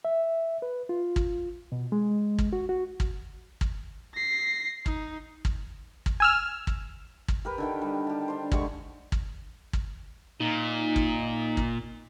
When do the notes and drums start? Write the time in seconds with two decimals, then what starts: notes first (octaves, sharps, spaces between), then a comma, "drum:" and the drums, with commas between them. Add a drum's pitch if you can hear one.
0.05 E5
0.62 B4
0.89 F4
1.16 drum: kick
1.72 B2
1.92 G#3
2.38 drum: kick
2.53 F#4
2.69 F#4
3.00 drum: kick
3.61 drum: kick
4.15 A#6 C7
4.86 D#4, drum: kick
5.45 drum: kick
6.06 drum: kick
6.20 G#5 E6 F6
6.67 drum: kick
7.28 drum: kick
7.45 G4 A#4 B4
7.58 D3 D#3 G5
7.82 G3
8.07 G4 A5
8.28 D4 C5
8.52 D3 G#3 G4 C#6, drum: kick
9.12 drum: kick
9.73 drum: kick
10.40 A#2 D#4
10.96 drum: kick
11.57 drum: kick